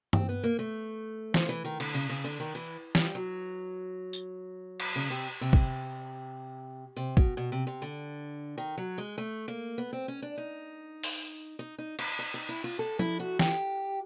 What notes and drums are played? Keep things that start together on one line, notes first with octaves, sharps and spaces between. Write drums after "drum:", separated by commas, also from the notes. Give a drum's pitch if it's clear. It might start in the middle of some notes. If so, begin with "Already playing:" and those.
C4, drum: tom G2
B3
A#3
A3
F3, drum: snare
E3
D#3
D3, drum: cymbal
C#3
C#3
D3
D#3
E3
G3, drum: snare
F#3
drum: tambourine
drum: cymbal
C#3
C3
C3
drum: kick
C3
B2, drum: kick
B2
C3
C3
D3
D#3
F#3
G#3
A3
A#3
B3
C4
C#4
D4
D#4
drum: open hi-hat
D#4
D#4
D#4, drum: cymbal
D#4
D#4
E4
F4
A4
E4, drum: tom F3
F#4
G4, drum: snare